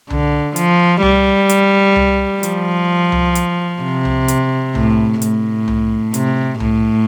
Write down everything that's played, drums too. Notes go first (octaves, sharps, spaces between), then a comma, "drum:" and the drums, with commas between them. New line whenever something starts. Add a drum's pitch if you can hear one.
D3, drum: tom C2
F3, drum: hi-hat
G3, drum: tom C2
drum: hi-hat
drum: tom C2
F3, drum: hi-hat
drum: tom C2
drum: hi-hat
C3
drum: tom C2
drum: hi-hat
A2, drum: tom C2
A2, drum: hi-hat
drum: tom C2
C3, drum: hi-hat
A2, drum: tom C2